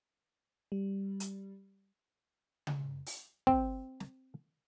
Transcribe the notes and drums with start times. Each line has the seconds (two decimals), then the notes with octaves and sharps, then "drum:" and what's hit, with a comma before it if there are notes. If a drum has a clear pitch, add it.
0.72 G3
1.20 drum: hi-hat
2.67 drum: tom C#3
3.06 drum: open hi-hat
3.47 C4, drum: kick
4.00 drum: snare